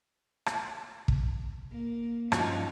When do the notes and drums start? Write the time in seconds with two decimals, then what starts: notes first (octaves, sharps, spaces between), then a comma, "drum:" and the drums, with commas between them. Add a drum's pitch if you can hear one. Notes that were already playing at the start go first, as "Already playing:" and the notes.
0.46 drum: rim click
1.08 drum: kick
1.72 A#3
2.32 G2 F3 C#4 D#4 F#4, drum: rim click